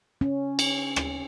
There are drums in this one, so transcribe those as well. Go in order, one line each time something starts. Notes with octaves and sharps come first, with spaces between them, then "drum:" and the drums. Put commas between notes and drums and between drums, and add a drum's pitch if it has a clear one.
C#4
drum: cymbal
drum: rim click